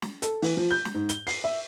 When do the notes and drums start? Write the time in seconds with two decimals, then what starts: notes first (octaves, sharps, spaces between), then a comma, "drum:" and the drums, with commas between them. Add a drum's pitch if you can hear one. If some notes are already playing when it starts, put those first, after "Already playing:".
0.02 drum: snare
0.22 A4, drum: hi-hat
0.42 E3, drum: open hi-hat
0.57 F3
0.71 G6
0.85 drum: snare
0.94 G#2
1.09 G7, drum: hi-hat
1.27 C7, drum: open hi-hat
1.44 E5